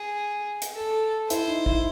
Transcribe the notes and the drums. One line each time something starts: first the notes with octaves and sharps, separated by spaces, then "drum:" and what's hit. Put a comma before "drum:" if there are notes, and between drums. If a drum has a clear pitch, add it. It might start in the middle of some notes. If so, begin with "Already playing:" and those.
Already playing: G#4
drum: hi-hat
A4
E4 C5, drum: hi-hat
D#4
E4, drum: kick